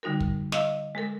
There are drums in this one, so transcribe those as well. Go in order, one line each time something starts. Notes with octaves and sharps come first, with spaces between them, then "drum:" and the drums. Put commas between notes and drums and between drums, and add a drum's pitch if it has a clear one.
D3 G3 D#4 F#4 A#4
drum: kick
D#5 F5 E6, drum: snare
G#3 A4 A#4